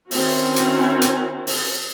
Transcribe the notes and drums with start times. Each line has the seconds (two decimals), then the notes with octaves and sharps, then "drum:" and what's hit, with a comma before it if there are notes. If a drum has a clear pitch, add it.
0.11 D#3 C4 C#4 E4 F#4, drum: open hi-hat
0.56 drum: hi-hat
1.02 drum: hi-hat
1.47 drum: open hi-hat